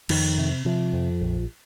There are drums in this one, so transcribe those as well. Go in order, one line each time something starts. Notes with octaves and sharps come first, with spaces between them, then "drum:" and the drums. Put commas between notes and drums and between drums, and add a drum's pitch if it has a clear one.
F2 D#3, drum: cymbal
C3
C3 F3
F2
A#1